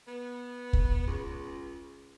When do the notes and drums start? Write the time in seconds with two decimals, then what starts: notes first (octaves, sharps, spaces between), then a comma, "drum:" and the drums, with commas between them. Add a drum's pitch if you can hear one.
0.08 B3
0.73 drum: kick
1.08 C#2